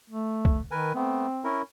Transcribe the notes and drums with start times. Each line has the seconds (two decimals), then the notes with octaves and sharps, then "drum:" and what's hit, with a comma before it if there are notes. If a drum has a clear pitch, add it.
0.10 A3
0.45 drum: kick C2
0.71 D#3 A#4 B4 G#5
0.95 A3 B3 C4
1.44 C#4 E4 A#4